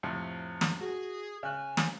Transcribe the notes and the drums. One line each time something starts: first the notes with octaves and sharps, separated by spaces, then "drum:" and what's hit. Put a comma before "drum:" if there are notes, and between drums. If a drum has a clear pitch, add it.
F2 A2 C3
drum: snare
F#4 G#4
C#3 G#5 F#6
drum: snare